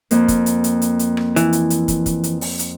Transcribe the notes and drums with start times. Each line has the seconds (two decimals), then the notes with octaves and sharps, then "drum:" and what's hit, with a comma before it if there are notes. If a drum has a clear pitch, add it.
0.11 F2 A#3, drum: hi-hat
0.28 drum: kick, hi-hat
0.46 drum: hi-hat
0.64 drum: hi-hat
0.82 drum: hi-hat
0.99 drum: hi-hat
1.17 drum: rim click
1.36 E3, drum: hi-hat
1.53 drum: hi-hat
1.70 drum: hi-hat
1.88 drum: kick, hi-hat
2.06 drum: kick, hi-hat
2.24 drum: hi-hat
2.41 drum: open hi-hat
2.59 drum: hi-hat